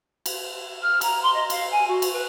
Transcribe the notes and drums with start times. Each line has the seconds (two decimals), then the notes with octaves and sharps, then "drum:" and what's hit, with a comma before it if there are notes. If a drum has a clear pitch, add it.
0.26 drum: cymbal
0.82 F6
1.01 A#5, drum: cymbal
1.22 C6
1.33 D#5
1.50 F5, drum: cymbal
1.71 G#5
1.87 F#4
2.02 drum: cymbal
2.12 B4